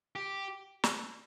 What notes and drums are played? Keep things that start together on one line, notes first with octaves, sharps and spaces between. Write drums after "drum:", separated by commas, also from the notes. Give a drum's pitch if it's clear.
G4
drum: snare